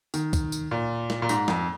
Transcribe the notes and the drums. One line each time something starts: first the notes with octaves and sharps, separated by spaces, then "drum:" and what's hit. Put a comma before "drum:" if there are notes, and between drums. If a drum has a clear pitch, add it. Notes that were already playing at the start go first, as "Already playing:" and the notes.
D#3, drum: tambourine
drum: kick, tambourine
drum: tambourine
A#2
drum: snare
A#2
G#2, drum: tambourine
F2, drum: snare